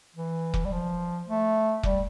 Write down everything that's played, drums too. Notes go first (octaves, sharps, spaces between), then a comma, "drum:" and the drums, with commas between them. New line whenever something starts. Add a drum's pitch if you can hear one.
E3
drum: kick
G3
F3
A3
G3, drum: kick